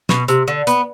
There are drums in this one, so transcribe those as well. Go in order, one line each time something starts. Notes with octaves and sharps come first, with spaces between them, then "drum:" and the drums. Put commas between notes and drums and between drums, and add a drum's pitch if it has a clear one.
B2, drum: snare
C3, drum: hi-hat
D3
B3, drum: hi-hat